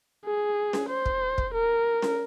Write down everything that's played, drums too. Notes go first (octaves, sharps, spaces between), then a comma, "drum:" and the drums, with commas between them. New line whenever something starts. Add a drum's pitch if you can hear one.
G#4
drum: snare C#4
C5
drum: kick
drum: kick
A#4
drum: snare C#4